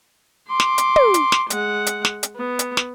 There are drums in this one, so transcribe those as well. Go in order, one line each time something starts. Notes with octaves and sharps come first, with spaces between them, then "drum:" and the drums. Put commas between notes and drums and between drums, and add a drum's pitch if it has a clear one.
C6 D6
drum: snare
drum: hi-hat
drum: tom
drum: hi-hat
drum: snare
G#3 F#5, drum: hi-hat
drum: hi-hat
drum: snare
drum: hi-hat
B3
drum: hi-hat
drum: snare